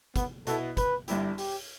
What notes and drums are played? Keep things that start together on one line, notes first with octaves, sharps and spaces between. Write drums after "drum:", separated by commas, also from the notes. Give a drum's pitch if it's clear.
B3, drum: kick, hi-hat
B2 B3 E4 A4, drum: hi-hat
B4, drum: kick, hi-hat
G1 G2 G3 E4 G4, drum: hi-hat
G4, drum: open hi-hat